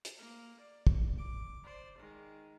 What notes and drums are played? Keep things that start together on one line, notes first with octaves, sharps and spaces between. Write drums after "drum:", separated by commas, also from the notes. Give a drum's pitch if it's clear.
drum: hi-hat
A#3
D5
drum: kick
D6
C5 D5
D#3 G#3